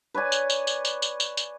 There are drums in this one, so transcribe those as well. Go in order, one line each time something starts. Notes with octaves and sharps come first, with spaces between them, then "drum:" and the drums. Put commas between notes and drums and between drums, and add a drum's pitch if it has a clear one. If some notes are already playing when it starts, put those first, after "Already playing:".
B4 C#5 D5 G#5
drum: tambourine
drum: tambourine
drum: tambourine
drum: tambourine
drum: tambourine
drum: tambourine
drum: tambourine